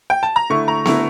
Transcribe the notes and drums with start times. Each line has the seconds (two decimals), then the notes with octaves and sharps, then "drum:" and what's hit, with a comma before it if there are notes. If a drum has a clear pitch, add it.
0.10 G5
0.23 A5
0.36 A#5
0.50 D3 A3 E4 C#6
0.68 A#5
0.85 D3 A3 E4 C#6, drum: snare B3